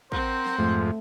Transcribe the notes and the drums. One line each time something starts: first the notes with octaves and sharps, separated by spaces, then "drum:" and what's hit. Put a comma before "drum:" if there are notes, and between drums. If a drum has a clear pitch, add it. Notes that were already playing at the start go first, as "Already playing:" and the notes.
C4 A#4 C5 F#5, drum: kick
drum: snare
F2 G#2 A3